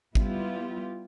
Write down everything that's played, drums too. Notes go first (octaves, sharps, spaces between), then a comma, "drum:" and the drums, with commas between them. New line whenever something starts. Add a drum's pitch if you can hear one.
G3 B3 E4 F4 G4, drum: kick G#1